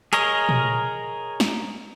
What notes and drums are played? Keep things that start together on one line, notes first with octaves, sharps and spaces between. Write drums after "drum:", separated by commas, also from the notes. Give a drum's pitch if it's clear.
G#4 A#4 C#5 D#5, drum: hi-hat
drum: tom A#2
drum: snare